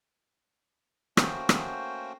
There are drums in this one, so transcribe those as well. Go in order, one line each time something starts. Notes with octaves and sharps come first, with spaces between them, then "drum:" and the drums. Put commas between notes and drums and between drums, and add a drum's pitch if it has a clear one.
A3 A#3 C#4 F#4 C5 G5, drum: rim click
drum: rim click